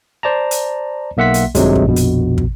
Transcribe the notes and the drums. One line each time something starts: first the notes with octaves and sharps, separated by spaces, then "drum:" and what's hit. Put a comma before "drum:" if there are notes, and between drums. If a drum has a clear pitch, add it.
C5 D5 A5 A#5
drum: hi-hat
B1 A#3 E5 F#5 C6 B6
drum: hi-hat
G2 C3 D#3 F#3 G#3, drum: kick, hi-hat
drum: kick
A#1 F2 B2
drum: hi-hat
drum: kick